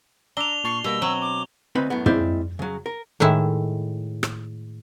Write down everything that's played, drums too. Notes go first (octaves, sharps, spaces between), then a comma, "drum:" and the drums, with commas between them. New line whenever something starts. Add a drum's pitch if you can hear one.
D4 D5 A#5 E6 F7 G7
A#2 A5 C#6 C7
B2 G3 A#3 E6 A#6
F#3 C4
D6
D2 C4 D#4 B4 B5
F#2 A2 B3
G#3 C4 E4 C5 D5 F5, drum: tom
C#3 F#3
A#4
A2 D#3 G#3 E4 E5
drum: rim click